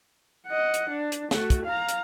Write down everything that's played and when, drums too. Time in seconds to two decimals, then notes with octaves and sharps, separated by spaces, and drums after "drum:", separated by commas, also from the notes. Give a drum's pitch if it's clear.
0.48 D#5 F#5
0.74 drum: hi-hat
0.89 D4
1.12 drum: hi-hat
1.31 A3 F#4, drum: snare
1.50 drum: kick, hi-hat
1.65 F5 A#5
1.89 drum: hi-hat